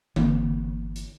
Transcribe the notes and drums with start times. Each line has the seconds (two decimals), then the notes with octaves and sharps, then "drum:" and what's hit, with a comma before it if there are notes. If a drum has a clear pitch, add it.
0.16 G1 E3 A#3 C4, drum: tom D3
0.96 drum: hi-hat